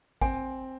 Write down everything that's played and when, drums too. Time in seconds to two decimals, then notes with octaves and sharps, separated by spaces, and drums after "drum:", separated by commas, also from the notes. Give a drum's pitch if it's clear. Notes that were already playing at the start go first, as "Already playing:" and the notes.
0.21 C4 G#5, drum: kick A1